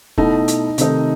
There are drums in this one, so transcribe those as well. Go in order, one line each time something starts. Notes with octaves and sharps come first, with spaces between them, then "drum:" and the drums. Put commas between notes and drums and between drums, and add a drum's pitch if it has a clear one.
B2 A3 D#4 E4, drum: kick
drum: hi-hat
C3 D#3 A3 D#4, drum: hi-hat